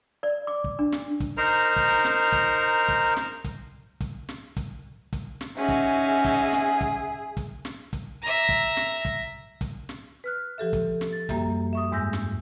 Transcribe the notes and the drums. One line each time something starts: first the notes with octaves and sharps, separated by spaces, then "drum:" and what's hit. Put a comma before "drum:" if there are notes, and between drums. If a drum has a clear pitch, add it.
D5
D6
drum: kick
D4
drum: snare
drum: kick, hi-hat
D#4 A#4 C5 A#5
drum: kick, hi-hat
drum: snare
drum: kick, hi-hat
drum: kick, hi-hat
drum: snare
drum: kick, hi-hat
drum: kick, hi-hat
drum: snare
drum: kick, hi-hat
drum: kick, hi-hat
drum: snare
C#4 D#4 F#4 G#4 E5
drum: kick, hi-hat
drum: kick, hi-hat
drum: snare
drum: kick, hi-hat
drum: kick, hi-hat
drum: snare
drum: kick, hi-hat
E5 A#5
drum: kick, hi-hat
drum: snare
drum: kick, hi-hat
drum: kick, hi-hat
drum: snare
B4 F6 F#6
F3 G4 A4 E5
drum: kick, hi-hat
drum: snare
A6
F#2 G3 A#3 G4 E5, drum: kick, hi-hat
E5 C#6 D#6
E2 G#2 G#3 E6 G6 A#6
drum: snare